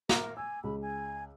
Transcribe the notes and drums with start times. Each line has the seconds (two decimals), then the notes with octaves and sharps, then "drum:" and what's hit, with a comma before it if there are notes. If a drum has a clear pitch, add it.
0.09 A#4 E5 A#5 D6, drum: snare
0.37 G#5 E6
0.64 C#2 C#3 B5
0.82 G#5